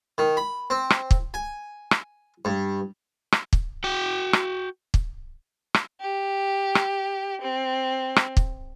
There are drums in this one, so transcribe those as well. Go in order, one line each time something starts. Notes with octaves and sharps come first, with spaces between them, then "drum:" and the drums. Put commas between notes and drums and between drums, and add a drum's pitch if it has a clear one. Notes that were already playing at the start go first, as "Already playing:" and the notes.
D#3
B5
C4
drum: rim click
drum: kick
G#5
drum: rim click
G2
drum: rim click
drum: kick
F#4 G5
drum: rim click
drum: kick
drum: rim click
G4
drum: rim click
C4
drum: rim click
drum: kick